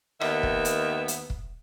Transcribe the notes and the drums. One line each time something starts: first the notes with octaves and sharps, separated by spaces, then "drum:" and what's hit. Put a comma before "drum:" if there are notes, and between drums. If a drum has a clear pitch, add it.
D#2 D#3 B3 E5, drum: rim click
drum: kick
drum: hi-hat
drum: hi-hat
drum: kick